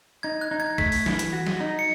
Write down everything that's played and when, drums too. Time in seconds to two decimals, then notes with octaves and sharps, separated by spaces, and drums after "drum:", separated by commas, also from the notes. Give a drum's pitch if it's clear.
0.23 D#4 G#6
0.41 F#6
0.51 D#4
0.60 G#6
0.78 A3 B6, drum: kick A#1
0.92 drum: open hi-hat
1.06 E3, drum: snare
1.19 drum: hi-hat
1.33 F#4
1.47 drum: snare
1.60 D#4
1.79 C#7